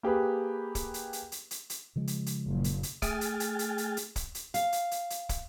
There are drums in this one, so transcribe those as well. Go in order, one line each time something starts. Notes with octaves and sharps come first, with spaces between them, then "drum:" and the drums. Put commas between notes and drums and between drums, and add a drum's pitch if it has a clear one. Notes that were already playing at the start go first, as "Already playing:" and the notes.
A#3 G4 G#4 B4
drum: kick, hi-hat
drum: hi-hat
drum: hi-hat
drum: hi-hat
drum: hi-hat
drum: hi-hat
C#3 F3 G#3
drum: hi-hat
drum: hi-hat
F#1 A#2
drum: hi-hat
drum: hi-hat
A3 G#4 G5 G#5 F6 A6, drum: kick, hi-hat
drum: hi-hat
drum: hi-hat
drum: hi-hat
drum: hi-hat
drum: hi-hat
drum: kick, hi-hat
drum: hi-hat
F5, drum: hi-hat
drum: hi-hat
drum: hi-hat
drum: hi-hat
drum: kick, hi-hat